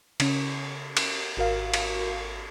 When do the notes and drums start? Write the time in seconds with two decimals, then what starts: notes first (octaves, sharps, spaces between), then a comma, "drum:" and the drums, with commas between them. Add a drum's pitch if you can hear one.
0.20 C#3 C#4, drum: cymbal
0.97 drum: cymbal
1.37 G#1 F#4 A#4 F5
1.74 drum: cymbal